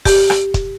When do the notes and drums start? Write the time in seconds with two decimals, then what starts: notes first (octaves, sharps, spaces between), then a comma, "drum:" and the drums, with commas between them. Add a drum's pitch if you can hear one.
0.05 G4, drum: kick, open hi-hat
0.30 drum: rim click
0.54 drum: kick, hi-hat